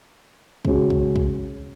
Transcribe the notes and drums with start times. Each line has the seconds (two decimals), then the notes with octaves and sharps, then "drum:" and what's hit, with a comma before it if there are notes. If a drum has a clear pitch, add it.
0.65 C#3 G#3 C#4 F#4, drum: kick
0.90 drum: kick
1.16 drum: kick